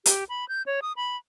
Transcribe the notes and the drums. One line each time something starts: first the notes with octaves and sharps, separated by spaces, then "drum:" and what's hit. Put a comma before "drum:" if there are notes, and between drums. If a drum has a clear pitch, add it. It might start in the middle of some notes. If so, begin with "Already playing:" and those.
G4, drum: hi-hat
B5
G6
C#5
D#6
B5